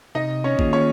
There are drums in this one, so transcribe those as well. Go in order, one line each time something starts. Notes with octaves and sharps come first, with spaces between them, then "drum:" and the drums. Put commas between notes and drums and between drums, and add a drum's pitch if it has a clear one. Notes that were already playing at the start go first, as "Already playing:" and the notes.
C3 D#4 D#5
C#4 C#5
D#3 A#3 F4 G#4, drum: kick A1
C#4 C#5